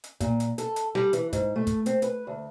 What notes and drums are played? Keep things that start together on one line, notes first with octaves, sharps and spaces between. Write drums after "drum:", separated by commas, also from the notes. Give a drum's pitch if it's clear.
drum: hi-hat
A#2, drum: kick, hi-hat
drum: hi-hat
A4, drum: hi-hat
drum: hi-hat
G3, drum: snare
E3, drum: hi-hat
G#2, drum: kick, hi-hat
A3
drum: kick, hi-hat
C4, drum: hi-hat
B4, drum: hi-hat
D2